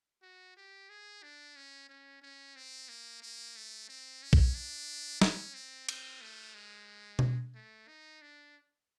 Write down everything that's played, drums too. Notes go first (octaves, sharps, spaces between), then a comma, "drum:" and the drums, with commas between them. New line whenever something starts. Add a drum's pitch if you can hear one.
F#4
G4
G#4
D4
C#4
C#4
C#4
C4
A#3
A#3
A3
C4
C#4
drum: kick A#1
D4
C#4, drum: snare
C4
C4, drum: cymbal
A3
G#3
drum: tom B2
A3
D#4
D4